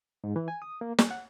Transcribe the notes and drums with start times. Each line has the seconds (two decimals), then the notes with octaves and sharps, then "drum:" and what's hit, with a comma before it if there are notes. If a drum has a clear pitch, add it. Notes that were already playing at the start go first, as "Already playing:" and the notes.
0.24 G#2
0.36 E3
0.48 G#5
0.62 D#6
0.81 A#3
0.99 G#5, drum: snare
1.11 F#5